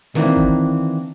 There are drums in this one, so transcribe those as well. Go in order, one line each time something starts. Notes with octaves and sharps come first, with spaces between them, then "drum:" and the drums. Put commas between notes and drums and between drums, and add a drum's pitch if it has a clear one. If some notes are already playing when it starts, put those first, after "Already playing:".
D#3 E3 A#3 C4 D4, drum: snare
drum: kick